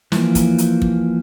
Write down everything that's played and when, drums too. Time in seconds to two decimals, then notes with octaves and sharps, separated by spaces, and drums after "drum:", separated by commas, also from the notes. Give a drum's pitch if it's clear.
0.12 E3 F3 A#3, drum: snare
0.35 drum: kick, hi-hat
0.58 drum: hi-hat
0.82 drum: kick